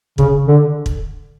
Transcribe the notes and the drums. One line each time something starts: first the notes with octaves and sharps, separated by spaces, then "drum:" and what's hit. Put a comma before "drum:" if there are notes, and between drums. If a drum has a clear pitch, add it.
C#3, drum: kick
D3
drum: kick